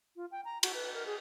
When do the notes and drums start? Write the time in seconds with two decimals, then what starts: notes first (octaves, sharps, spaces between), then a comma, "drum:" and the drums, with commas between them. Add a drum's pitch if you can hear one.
0.16 F4
0.31 G5
0.45 A#5
0.63 F#4, drum: cymbal
0.74 B4
0.94 A#4
1.06 G#4